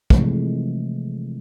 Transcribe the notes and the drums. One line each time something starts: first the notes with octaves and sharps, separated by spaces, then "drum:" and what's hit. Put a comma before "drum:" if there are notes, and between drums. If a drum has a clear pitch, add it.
C3 E3 F3 G#3 A3, drum: kick